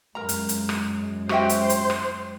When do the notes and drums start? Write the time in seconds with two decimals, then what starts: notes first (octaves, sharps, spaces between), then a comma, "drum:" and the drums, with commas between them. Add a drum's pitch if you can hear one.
0.15 F#2 G#3 A#4 A#5
0.29 drum: hi-hat
0.49 drum: hi-hat
0.69 drum: rim click
1.29 F#4 C5 E5 G5, drum: rim click
1.49 drum: hi-hat
1.70 drum: hi-hat
1.90 drum: rim click